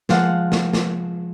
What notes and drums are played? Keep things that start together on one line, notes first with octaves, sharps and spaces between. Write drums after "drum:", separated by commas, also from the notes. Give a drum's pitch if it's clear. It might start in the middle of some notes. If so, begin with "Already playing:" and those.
F3 G#3 F5 F#5 A6, drum: snare
drum: snare
drum: snare